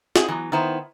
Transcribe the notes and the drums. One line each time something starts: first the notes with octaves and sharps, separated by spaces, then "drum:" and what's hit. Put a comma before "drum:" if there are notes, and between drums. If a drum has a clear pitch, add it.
C4 E4 F#4 G#4, drum: snare
E3 F#3 B3
D#3 B3 E4 C5